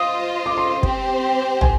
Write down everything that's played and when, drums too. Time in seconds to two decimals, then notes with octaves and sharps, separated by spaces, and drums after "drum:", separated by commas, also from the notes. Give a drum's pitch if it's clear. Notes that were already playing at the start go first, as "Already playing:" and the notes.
Already playing: F4 C5 D#5 D#6
0.46 D6
0.57 C6
0.83 C4 G4 C5, drum: kick
1.61 G#5, drum: tom